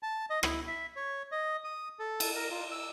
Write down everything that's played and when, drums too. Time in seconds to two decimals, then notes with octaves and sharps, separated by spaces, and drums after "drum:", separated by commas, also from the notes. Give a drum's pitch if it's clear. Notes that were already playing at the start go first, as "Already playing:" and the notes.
0.03 A5
0.30 D#5
0.43 E4, drum: rim click
0.67 E5
0.96 C#5
1.32 D#5
1.64 D#6
1.99 A4
2.20 drum: cymbal
2.36 A#4
2.51 F4
2.71 E6